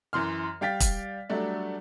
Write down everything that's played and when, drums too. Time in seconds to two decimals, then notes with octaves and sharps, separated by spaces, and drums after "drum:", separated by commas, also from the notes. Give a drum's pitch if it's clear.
0.13 F#2 E3 C6 F6
0.61 G3 F5 G5 A6 B6
0.80 drum: kick E1, hi-hat
1.29 F#3 G3 A3 D4